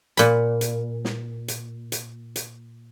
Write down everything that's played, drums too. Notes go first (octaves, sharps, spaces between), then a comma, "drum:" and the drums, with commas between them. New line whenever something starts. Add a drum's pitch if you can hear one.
A#2 B5, drum: hi-hat
drum: hi-hat
drum: snare
drum: hi-hat
drum: hi-hat
drum: hi-hat